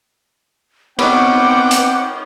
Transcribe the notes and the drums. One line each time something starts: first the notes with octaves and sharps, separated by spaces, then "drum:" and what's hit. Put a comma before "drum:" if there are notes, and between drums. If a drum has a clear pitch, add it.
B3 C4 D#4 C#5 F#5 G5 B5 D6, drum: cymbal
drum: hi-hat